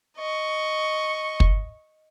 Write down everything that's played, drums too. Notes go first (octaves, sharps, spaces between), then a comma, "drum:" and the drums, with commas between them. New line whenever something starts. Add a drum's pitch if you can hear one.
D#5 C#6
drum: kick